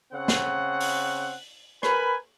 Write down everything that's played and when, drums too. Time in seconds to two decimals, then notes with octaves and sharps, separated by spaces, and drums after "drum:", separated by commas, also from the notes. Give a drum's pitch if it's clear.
0.13 C#3 C4 F#5
0.28 drum: snare
0.80 drum: open hi-hat
1.83 A#4 B4 G#5 B5, drum: rim click